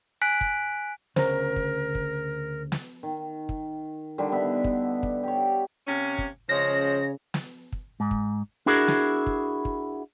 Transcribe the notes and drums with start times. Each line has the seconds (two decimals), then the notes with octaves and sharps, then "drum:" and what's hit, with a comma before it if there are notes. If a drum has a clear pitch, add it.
0.22 G#5 F#6 B6 D7
0.41 drum: kick
1.16 D2 C#3 A#4 C5 A#5, drum: snare
1.56 drum: kick
1.95 drum: kick
2.72 drum: snare
3.03 D#3
3.49 drum: kick
4.18 D3 D#3 G3
4.32 B3 E5
4.64 drum: kick
5.03 drum: kick
5.23 G4 C#5
5.87 C3 A#3 C#4
6.18 drum: kick
6.49 C#3 F3 G#3 C#4 C5 C#5 A#6
7.34 drum: snare
7.73 drum: kick
8.00 G#2
8.11 drum: kick
8.66 D4 E4 F#4 G#4 A#4
8.88 drum: snare
9.27 drum: kick
9.65 drum: kick